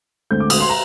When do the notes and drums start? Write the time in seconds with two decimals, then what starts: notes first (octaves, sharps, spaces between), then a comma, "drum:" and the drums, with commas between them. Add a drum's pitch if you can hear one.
0.31 D2 D3 G#3 C4 G6
0.40 D6
0.50 D#6, drum: cymbal
0.60 C6
0.69 A#5